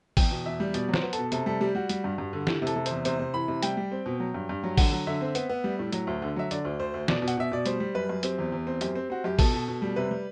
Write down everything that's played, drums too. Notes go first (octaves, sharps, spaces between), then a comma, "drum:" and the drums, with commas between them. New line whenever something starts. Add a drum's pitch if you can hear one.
E2 G5, drum: kick A1, open hi-hat
B2
E2 E5
G3
B2 D5, drum: hi-hat
F#3
C5, drum: snare
B3
A4, drum: hi-hat
B2
C3 A4, drum: hi-hat
G3 A4
G3 G4
G3 F#4
G3, drum: hi-hat
G2
G2
D3
E3 G4, drum: snare
C3
A4, drum: hi-hat
C3
E2 C5, drum: hi-hat
C3 C5, drum: hi-hat
C3
E3 B5
C3
G3 G5, drum: hi-hat
G3
C4
B2
F#3
G2
G2
F#3
D3 F#5, drum: kick A1, open hi-hat
F#3
D3 E5
C4
B3, drum: hi-hat
B3
G3
A2
F#3, drum: hi-hat
D2
D3
F#3 E5
D3 D5, drum: hi-hat
D2
D2 C5
D2
B2 D5, drum: snare
B2
F#5, drum: hi-hat
B2 E5
B2 D5
G3 C5, drum: hi-hat
G3
F#2 B4
F#2
C4 G4, drum: hi-hat
E2
E2
C4
F#2 G4, drum: hi-hat
C4
C4 F#4
F#2 G4
B2 A4, drum: kick A1, open hi-hat
B2
B2
G3
C3 B4
G3